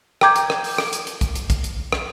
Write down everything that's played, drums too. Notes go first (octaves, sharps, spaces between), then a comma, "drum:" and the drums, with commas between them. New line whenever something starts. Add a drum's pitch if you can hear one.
G5 A#5 D6 G6 G#6, drum: rim click
drum: hi-hat
drum: rim click
drum: open hi-hat
drum: rim click
drum: hi-hat
drum: hi-hat
drum: kick A#1, hi-hat
drum: hi-hat
drum: kick A#1, hi-hat
drum: hi-hat
drum: rim click